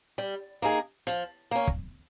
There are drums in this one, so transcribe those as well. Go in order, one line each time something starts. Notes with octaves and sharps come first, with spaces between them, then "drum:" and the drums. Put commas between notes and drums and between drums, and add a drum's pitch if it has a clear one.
G3
A#3 D#4 G#4
F3, drum: hi-hat
A#3 C#4
drum: kick